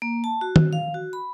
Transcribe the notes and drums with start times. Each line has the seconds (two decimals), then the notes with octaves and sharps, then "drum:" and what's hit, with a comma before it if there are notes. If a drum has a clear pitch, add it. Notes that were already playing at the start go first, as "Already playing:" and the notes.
0.02 A#3
0.24 A5
0.41 F#4
0.56 drum: tom D#3
0.73 F5
0.94 F#4
1.13 B5